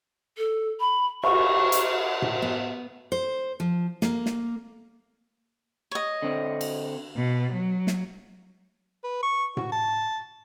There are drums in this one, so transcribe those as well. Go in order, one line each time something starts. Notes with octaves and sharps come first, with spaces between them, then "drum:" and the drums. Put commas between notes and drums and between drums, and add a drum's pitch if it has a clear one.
A4
B5
C#6, drum: cymbal
drum: hi-hat
drum: tom A2
B3
C5
F3
A#3, drum: snare
drum: snare
C#5 D#5
D3 C4
drum: cymbal
B2
F#3
drum: snare
B4
C#6
F#4, drum: tom A2
A5